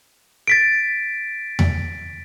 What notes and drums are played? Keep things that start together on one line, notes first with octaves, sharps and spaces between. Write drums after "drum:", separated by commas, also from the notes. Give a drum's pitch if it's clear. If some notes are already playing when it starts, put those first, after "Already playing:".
A6 B6 D7
drum: tom E2